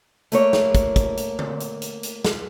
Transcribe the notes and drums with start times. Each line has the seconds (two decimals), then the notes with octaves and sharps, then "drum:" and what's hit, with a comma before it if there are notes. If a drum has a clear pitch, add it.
0.32 A3 A#3 C#5, drum: hi-hat
0.53 drum: snare
0.75 drum: kick, hi-hat
0.96 drum: kick, hi-hat
1.17 drum: hi-hat
1.39 drum: tom D3
1.60 drum: hi-hat
1.82 drum: hi-hat
2.03 drum: hi-hat
2.25 drum: snare